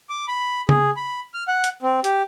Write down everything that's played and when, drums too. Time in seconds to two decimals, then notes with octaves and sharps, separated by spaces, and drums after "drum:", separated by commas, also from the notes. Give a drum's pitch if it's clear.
0.09 D6
0.28 B5
0.69 G#4, drum: tom
0.97 B5
1.34 F6
1.48 F#5
1.64 drum: hi-hat
1.83 C4
2.04 G4, drum: hi-hat